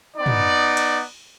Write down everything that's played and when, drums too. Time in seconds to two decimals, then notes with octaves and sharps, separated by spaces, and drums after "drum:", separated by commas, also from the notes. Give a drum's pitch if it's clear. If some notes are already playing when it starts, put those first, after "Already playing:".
0.17 B3 D#4 D5
0.26 drum: tom
0.77 drum: cymbal